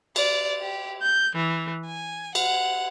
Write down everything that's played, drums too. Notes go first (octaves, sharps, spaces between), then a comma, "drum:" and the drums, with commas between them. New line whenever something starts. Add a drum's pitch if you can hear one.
D5, drum: cymbal
G4
G6
E3
G#5
F#5, drum: cymbal